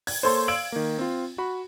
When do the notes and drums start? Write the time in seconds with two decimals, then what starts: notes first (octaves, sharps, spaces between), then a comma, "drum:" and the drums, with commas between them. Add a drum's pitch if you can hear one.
0.07 G#6, drum: open hi-hat
0.23 A#3 A4 C5 C#5 C6
0.48 F5 E6 G#6 D7 F#7
0.72 D#3 A#3
0.99 C4 F4
1.38 F#4 B5